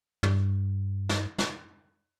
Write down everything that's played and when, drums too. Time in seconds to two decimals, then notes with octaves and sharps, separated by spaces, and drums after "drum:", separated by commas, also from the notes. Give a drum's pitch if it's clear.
0.23 G2, drum: tom
1.09 drum: snare
1.38 drum: snare